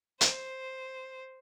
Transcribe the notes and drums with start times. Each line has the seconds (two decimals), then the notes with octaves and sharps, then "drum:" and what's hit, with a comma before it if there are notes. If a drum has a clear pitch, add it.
0.21 C5, drum: hi-hat